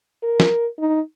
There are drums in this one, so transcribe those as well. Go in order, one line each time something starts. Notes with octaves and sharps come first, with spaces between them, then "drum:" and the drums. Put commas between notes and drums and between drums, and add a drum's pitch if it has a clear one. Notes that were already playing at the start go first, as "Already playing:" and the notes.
A#4
drum: snare
D#4